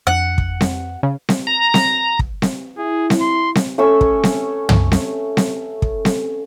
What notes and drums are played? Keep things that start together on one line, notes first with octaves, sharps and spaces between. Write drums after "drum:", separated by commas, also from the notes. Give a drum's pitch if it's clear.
F2 B3 D4 F#5
drum: kick
drum: snare C4
C#3
drum: snare C4
A#5
drum: snare C4
drum: kick
drum: snare C4
E4 G#4
drum: snare C4
C6
drum: snare C4
A3 C#4 C#6 E6
drum: kick
drum: snare C4
drum: tom
drum: snare C4
drum: snare C4
drum: kick
drum: snare C4